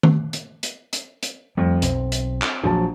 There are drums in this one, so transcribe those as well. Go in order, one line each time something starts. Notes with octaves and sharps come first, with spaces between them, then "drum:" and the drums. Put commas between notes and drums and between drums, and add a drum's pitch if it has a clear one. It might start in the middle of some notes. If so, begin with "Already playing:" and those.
drum: tom D#3
drum: hi-hat
drum: hi-hat
drum: hi-hat
drum: hi-hat
F2 G3 A3
B1 C4, drum: hi-hat
drum: hi-hat
drum: clap
A#1 F3 F#3 A5